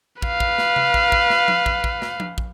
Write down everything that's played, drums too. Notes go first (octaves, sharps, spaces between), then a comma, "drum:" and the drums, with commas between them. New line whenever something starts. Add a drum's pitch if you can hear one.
B4 F5, drum: kick
drum: kick
drum: snare
drum: tom C3
drum: kick
drum: kick
drum: snare
drum: tom F3
drum: kick
drum: kick
drum: snare
drum: tom F3
drum: kick